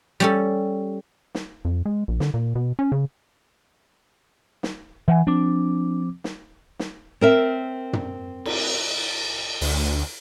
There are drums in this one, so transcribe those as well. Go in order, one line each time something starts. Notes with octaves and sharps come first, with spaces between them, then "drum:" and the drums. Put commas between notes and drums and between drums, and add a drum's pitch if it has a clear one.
G3 C#4 A4
drum: snare
F2
G#3
A#1
D3, drum: snare
A#2
B2
C#4
C#3
drum: snare
E3 E5 F#5 G#5
F3 C4 D4 D6
drum: snare
drum: snare
C4 A#4 E5
drum: tom
drum: cymbal
D2, drum: open hi-hat